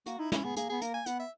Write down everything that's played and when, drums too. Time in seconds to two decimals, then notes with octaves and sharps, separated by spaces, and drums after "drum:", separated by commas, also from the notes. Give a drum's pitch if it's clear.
0.06 A#3 F#4, drum: hi-hat
0.19 D#4 E4
0.32 C#4 E4, drum: snare
0.44 B3 G#4
0.56 A#3 G#4, drum: hi-hat
0.70 B3 G#4
0.82 A#3 A#4, drum: hi-hat
0.94 G#5
1.06 B3 F#5, drum: hi-hat
1.20 E5